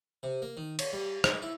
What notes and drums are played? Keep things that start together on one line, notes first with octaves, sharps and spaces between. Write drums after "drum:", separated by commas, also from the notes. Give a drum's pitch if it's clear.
C3
A#3
D#3
C#5, drum: cymbal
G3
D#4, drum: rim click
E4